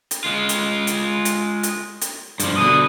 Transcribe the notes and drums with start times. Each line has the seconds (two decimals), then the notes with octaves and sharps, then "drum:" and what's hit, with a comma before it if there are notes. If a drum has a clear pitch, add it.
0.11 drum: hi-hat
0.25 G#3 F4
0.49 drum: hi-hat
0.87 drum: hi-hat
1.25 drum: hi-hat
1.63 drum: hi-hat
2.01 drum: hi-hat
2.40 G2 F3, drum: hi-hat
2.57 B2 D3 D#6